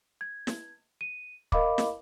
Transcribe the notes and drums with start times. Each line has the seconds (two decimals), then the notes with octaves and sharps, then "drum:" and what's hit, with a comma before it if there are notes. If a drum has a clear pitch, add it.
0.21 G#6
0.47 drum: snare
1.01 D#7
1.52 A#4 D#5 F5 B5 D6, drum: kick
1.78 drum: snare